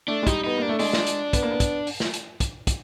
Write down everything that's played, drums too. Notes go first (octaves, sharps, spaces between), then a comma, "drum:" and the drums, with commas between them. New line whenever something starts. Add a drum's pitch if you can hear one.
A3 D4
G#3
G3 D#4, drum: kick, hi-hat
B3 D#4
A#3 D4
A3
G#3 D4, drum: open hi-hat
drum: snare
drum: hi-hat
B3, drum: kick, hi-hat
A#3
B3
drum: kick, hi-hat
drum: open hi-hat
drum: snare
drum: hi-hat
drum: kick, hi-hat
drum: kick, hi-hat